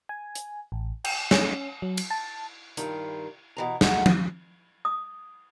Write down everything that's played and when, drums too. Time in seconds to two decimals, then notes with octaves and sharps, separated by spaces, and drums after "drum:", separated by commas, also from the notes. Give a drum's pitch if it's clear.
0.09 G#5
0.35 drum: hi-hat
0.72 A1
1.04 G5, drum: cymbal
1.31 C#4, drum: snare
1.82 F#3
1.97 drum: cymbal
2.10 A5
2.77 G2 D#3 E4 F4, drum: hi-hat
3.57 B2 E3 A#5
3.81 F#3 G#3 A3 F#4, drum: snare
4.06 drum: tom F3
4.85 D#6